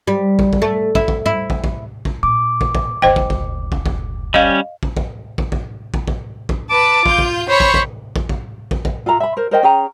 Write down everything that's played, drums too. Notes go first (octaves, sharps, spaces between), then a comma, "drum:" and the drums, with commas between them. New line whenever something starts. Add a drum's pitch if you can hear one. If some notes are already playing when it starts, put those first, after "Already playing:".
G3
drum: kick
drum: kick
A3
E4, drum: kick
drum: kick
E4
drum: kick
drum: kick
drum: kick
A#2 D6
drum: kick
drum: kick
F#1 D2 C5 D#5 G5
drum: kick
drum: kick
drum: kick
drum: kick
G3 C#4 D#5 F5
drum: kick
drum: kick
drum: kick
drum: kick
drum: kick
drum: kick
drum: kick
B4 A5 D6
F4 G6, drum: kick
drum: kick
C5 C#5 B5 C#6
drum: kick
drum: kick
drum: kick
drum: kick
drum: kick
drum: kick
F4 A4 E5 A#5
E5 B5
A#4 C5
A#4 C5 D#5 G5
C#4 G#4 G5 A#5